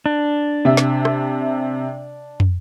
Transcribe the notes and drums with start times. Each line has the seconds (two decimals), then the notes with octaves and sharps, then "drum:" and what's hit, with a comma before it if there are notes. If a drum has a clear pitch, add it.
0.06 D4
0.65 C3 E5
0.77 drum: snare
1.05 drum: rim click
2.40 drum: tom